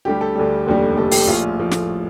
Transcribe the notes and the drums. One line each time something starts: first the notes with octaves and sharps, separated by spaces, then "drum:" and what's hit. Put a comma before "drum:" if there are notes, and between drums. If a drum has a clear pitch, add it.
D2 D3 G3 G4
A4
D2 D3 G3
F1 D#2 D3 G3
F1 D#2 D3 G3 A4
G4, drum: open hi-hat
A#1 A2 F3 F4
A2 F3
drum: snare